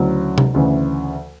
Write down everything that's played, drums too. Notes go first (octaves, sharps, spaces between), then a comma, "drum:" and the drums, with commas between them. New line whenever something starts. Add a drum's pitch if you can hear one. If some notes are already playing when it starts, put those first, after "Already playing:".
Already playing: D2 C#3 F#3 C#4 E4
drum: tom C3
D2 C#3 E3